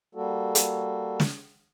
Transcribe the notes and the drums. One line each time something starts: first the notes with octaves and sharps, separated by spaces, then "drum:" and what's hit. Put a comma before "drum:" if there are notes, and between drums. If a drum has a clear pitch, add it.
G3 A#3 F#4 A4
drum: hi-hat
drum: snare